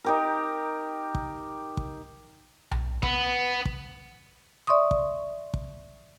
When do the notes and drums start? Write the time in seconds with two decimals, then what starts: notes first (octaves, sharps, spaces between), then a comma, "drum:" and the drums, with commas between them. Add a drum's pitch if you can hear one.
0.04 D#4 G4 A#4
1.15 drum: kick
1.77 drum: kick
2.71 drum: tom B1
3.03 B3, drum: kick
3.65 drum: kick
4.67 D5 E5 C6 C#6 D#6
4.91 drum: kick
5.54 drum: kick